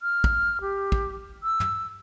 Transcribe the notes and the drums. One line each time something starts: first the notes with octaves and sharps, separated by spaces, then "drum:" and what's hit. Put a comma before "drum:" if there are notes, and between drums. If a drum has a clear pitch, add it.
F6
drum: kick
G4
drum: kick
E6
drum: tom